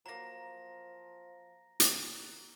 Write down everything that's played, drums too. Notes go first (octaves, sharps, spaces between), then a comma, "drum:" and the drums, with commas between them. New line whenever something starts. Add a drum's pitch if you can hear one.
F3 F#3 A#3 A#5 A#6
drum: hi-hat